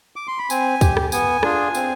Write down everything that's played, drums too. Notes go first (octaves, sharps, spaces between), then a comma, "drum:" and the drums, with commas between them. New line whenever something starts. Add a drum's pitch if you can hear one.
D6
C6
B5
C4 G#5, drum: tambourine
G4, drum: kick, tambourine
drum: rim click
B3 G#5, drum: tambourine
D4 F4 G#4, drum: rim click
C4, drum: tambourine